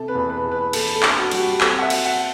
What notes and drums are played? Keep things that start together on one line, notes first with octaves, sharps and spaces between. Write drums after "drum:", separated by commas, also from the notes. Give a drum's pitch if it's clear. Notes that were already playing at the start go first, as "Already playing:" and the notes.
Already playing: C3 A4
B4
E2
B4
E2
B4
E2 A4, drum: cymbal
A4
D4, drum: clap
F#4
G3 F#4, drum: cymbal
G4
C4 A4, drum: clap
F#5
E5
F#3, drum: cymbal
F#5